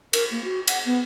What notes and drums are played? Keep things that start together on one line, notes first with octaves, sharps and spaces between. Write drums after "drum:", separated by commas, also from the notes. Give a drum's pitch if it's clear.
A#4, drum: cymbal
A#3
F#4
F#5, drum: cymbal
B3